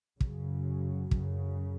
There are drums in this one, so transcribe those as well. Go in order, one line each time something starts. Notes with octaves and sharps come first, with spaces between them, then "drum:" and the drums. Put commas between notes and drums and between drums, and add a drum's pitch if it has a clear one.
F#2 C#3 F#3, drum: kick
F#2 C#3, drum: kick